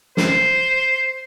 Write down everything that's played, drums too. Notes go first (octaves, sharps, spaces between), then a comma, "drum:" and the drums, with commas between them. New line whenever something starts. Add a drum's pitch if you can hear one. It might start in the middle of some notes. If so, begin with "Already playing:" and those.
C5, drum: snare